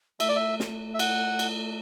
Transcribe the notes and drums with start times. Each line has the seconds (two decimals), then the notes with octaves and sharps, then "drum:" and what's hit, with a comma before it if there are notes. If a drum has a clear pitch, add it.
0.20 A3 E5, drum: cymbal
0.29 D5
0.36 E5
0.60 drum: snare
0.94 E5
0.99 F#5, drum: cymbal
1.39 drum: cymbal